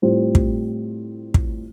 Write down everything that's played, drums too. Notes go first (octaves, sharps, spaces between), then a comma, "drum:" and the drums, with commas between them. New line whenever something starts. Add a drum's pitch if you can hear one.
A2 G3 C4 F4 C5
drum: kick
drum: kick